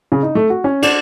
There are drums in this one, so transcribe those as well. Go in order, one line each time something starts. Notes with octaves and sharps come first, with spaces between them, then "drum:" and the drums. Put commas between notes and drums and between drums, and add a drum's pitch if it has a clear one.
C#3
D#4
A3
F#4
C#4
D4, drum: cymbal